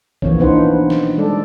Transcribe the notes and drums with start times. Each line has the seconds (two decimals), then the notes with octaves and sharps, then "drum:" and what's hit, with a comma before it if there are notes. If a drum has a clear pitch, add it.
0.22 E3 F3 A#3 B3 C#4 C#5, drum: kick B1
0.39 B2 D4 D#4 B4 C5 F#5
0.90 drum: snare
1.17 G3 G#3 A4 D5